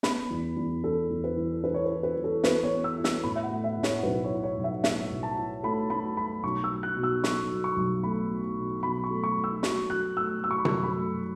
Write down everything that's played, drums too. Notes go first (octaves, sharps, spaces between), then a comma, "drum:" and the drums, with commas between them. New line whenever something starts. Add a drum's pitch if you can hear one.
B3 B5, drum: snare
E2
E2
E2 A4
E2
B4
E3
E3 B4
C#5
B4
E4
B4
E3
A4
B3 B4, drum: snare
C#5
B3
E6
E4
E6, drum: snare
A2 B5
E5
F#5
A3
E5
A2
C#5, drum: snare
B1 B4
C#5
E4
C#5
B1
E5
A2 E5, drum: snare
B1
A5
E4
A3 B5
A3 B5
A3 B5
B1 C#6
E6
F#3
F#6
B2
E6
F#3 C#6, drum: snare
F#3
C#6
B1
A3 B5
F#3
B2
B2 B5
C#6
A3
C#6
A3
E6
F#3 C#6, drum: snare
F#3 F#6
A3 E6
F#3 E6
C#6
B5
F#2 C#6, drum: tom C3
B5
A3